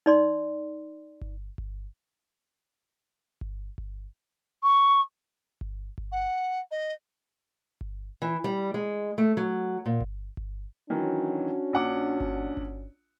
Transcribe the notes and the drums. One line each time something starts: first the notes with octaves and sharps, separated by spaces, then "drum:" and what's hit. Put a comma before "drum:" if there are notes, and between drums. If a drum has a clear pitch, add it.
D#4 D5 C6
drum: kick G1
drum: kick G1
drum: kick G1
drum: kick G1
C#6
drum: kick G1
drum: kick G1
F#5
D#5
drum: kick G1
E3
G3
G#3
A3
F#3
A#2
drum: kick G1
drum: kick G1
D#3 E3 F#3 C#4 D4 F#4
A#1 F#5 D6
drum: kick G1
drum: kick G1